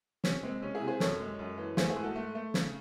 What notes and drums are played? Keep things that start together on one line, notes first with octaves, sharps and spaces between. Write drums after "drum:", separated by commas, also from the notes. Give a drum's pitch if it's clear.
C3 C#4, drum: snare
G#3 C4
C3 C#4
E4 G#4
C3
G#4 C5
F#2 A4 C#5, drum: snare
G#3
F#2
E3
A3 G#4 C5, drum: snare
E4 G#4
G#2
F#4 A4
A3
A3
C#3, drum: snare